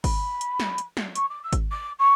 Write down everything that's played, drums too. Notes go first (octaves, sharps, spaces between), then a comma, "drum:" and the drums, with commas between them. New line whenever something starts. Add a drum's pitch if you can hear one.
B5, drum: kick G#1, open hi-hat
drum: hi-hat
drum: snare
drum: hi-hat
drum: snare
C#6, drum: hi-hat
D6
E6
drum: kick G#1, hi-hat
D6
C#6